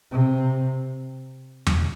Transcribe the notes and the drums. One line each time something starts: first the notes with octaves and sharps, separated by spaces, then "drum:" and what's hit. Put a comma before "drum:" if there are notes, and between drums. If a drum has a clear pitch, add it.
C3
drum: tom E2